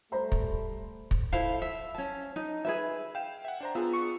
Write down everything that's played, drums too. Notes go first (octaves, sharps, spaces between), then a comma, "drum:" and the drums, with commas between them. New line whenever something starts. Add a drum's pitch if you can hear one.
G3 A3 C5 A#5 B5
drum: kick
drum: kick
E4 A4 C5 F5
E5
C#4 A5
D#4
G#4 B4 E5
F5 G5 E7
E5 F#5
D4 C5 A#5
B3 D4 F4 G#4 E6
C#6